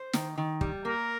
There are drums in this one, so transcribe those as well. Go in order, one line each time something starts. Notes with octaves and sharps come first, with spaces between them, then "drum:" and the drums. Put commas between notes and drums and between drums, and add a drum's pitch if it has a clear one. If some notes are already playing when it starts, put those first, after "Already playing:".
Already playing: C5
D#3, drum: snare
D#3
G3, drum: kick
A#3 A#4